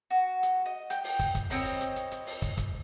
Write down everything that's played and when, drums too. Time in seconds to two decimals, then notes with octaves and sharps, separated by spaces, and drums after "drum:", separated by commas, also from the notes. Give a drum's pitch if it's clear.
0.10 F#4
0.43 drum: hi-hat
0.66 D#5
0.90 G5 G6, drum: hi-hat
1.04 drum: open hi-hat
1.19 drum: kick, hi-hat
1.35 drum: kick, hi-hat
1.50 C4 C#5 D#5 B5, drum: open hi-hat
1.65 drum: hi-hat
1.81 drum: hi-hat
1.96 drum: hi-hat
2.11 drum: hi-hat
2.27 drum: open hi-hat
2.42 drum: kick, hi-hat
2.57 drum: kick, hi-hat